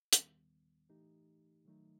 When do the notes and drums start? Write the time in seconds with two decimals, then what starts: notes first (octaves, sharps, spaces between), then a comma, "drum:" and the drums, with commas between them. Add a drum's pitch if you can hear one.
0.13 D#2 D#3 G3 B3, drum: hi-hat
0.89 E3 A3 D#4 G4
1.65 D#3 F#3 A3 D#4